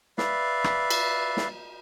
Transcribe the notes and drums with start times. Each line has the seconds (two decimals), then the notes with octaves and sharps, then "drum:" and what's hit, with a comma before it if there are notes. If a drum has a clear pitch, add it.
0.18 B4 D5 E5 F5, drum: snare
0.64 drum: rim click
0.90 drum: cymbal
1.37 drum: snare